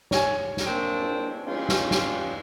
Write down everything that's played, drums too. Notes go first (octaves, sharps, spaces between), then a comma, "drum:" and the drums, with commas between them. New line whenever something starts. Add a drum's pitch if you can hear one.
C#5 G#5, drum: snare
drum: snare
A#3 C4 D4
drum: cymbal
C#4 F4 G4, drum: cymbal
drum: snare
drum: snare